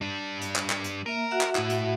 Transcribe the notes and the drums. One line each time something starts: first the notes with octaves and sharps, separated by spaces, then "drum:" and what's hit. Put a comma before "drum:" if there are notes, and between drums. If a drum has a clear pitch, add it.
G3 D4
drum: hi-hat
drum: clap
drum: clap
drum: hi-hat
A#3 A#4 E5
F#4 E5 F#5
drum: clap
A2 E4, drum: clap
drum: hi-hat